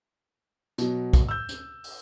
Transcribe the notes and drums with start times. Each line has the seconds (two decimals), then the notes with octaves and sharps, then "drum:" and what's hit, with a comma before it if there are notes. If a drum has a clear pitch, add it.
0.78 B2 F#3, drum: hi-hat
1.13 drum: kick B1, hi-hat
1.29 E6 G6
1.49 drum: hi-hat
1.84 drum: open hi-hat